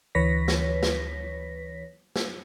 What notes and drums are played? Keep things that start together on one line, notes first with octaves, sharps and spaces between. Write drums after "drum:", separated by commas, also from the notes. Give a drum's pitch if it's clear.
D2 E3 B4 C#5 A#6 B6
drum: snare
drum: snare
drum: snare